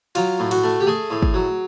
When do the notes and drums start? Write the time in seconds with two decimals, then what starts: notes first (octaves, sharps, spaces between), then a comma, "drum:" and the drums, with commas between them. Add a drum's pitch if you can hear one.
0.15 F#3 F4, drum: cymbal
0.39 A2
0.51 F#4, drum: cymbal
0.63 A3
0.81 G4
0.87 A3 G#4
1.11 A2
1.22 drum: kick
1.34 F#3